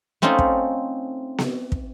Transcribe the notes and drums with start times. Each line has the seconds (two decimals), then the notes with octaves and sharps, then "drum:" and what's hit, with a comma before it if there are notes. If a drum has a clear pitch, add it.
0.22 A3 C4 C#4 D#4 F4
0.39 drum: kick
1.38 drum: snare B3
1.72 drum: kick